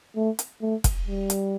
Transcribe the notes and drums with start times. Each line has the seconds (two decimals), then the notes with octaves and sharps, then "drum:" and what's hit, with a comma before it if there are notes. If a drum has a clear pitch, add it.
0.16 A3
0.39 drum: hi-hat
0.61 A3
0.84 drum: kick F1, hi-hat
1.07 G3
1.30 drum: hi-hat